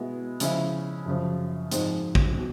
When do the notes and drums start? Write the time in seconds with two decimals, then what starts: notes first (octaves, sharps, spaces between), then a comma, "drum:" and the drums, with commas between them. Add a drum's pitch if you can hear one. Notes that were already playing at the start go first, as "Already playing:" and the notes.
Already playing: B2 G#3 B3 E4
0.40 C#3 F3 G#3 C#4 E4, drum: hi-hat
1.06 F#2 C#3 F3
1.72 G#2 F3 G#3 C4, drum: hi-hat
2.15 drum: kick
2.37 B2